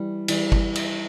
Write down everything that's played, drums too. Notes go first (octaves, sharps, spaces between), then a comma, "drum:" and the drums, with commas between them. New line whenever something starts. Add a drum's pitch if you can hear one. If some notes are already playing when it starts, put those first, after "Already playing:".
Already playing: E3 G3
E3 G3, drum: cymbal
drum: kick
drum: cymbal